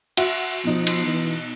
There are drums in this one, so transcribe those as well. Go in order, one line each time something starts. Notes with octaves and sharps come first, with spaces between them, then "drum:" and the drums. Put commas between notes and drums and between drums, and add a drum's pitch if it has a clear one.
F#4 E5, drum: cymbal
B2 F3 D#4
drum: cymbal
E3